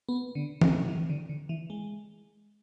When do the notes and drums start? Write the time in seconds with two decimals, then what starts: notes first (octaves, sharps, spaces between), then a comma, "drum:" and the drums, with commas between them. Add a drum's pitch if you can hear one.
0.09 B3
0.35 D3
0.61 D3, drum: tom E3
0.89 E3
1.10 D3
1.29 D3
1.49 E3
1.70 G#3